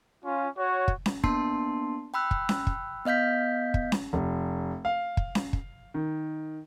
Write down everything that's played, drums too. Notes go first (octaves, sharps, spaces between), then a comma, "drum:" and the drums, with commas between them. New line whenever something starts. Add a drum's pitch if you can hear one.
C#4 F4
F#4 C#5
drum: kick
drum: snare C#4
A#3 B3 D4 A5 C6 C7, drum: kick
G5 B5 E6 F#6
drum: kick
drum: snare C#4
drum: kick
B3 D#5 F5 G6 B6
drum: kick
drum: snare C#4
F1
F5
drum: kick
drum: snare C#4
drum: kick
D#3